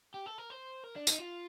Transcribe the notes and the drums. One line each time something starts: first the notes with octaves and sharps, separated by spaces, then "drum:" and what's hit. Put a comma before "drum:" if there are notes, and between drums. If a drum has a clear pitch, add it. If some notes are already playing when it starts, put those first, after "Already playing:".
G4
A4
A#4
C5
A#4
D4
D#4, drum: tambourine
F4